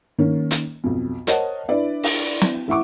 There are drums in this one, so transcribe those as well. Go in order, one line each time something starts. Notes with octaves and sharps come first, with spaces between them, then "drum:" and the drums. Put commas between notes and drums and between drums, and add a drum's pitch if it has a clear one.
D#3 A#3 C#4
drum: hi-hat
B1 F2
A#4 C5 C#5 D#5 F#5 A5, drum: hi-hat
D4 E4 B4 D5 E5
drum: open hi-hat
drum: snare
A1 A2 E5 F#5 C#6 D6